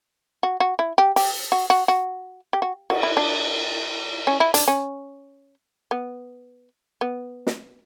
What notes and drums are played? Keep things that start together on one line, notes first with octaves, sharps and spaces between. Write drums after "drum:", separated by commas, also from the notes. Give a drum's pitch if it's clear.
F#4
F#4
E4
G4
G4, drum: open hi-hat
F#4
F#4
F#4
G4
F#4
F#4, drum: cymbal
E4
D4
C#4
E4
D4, drum: hi-hat
C#4
B3
B3
drum: snare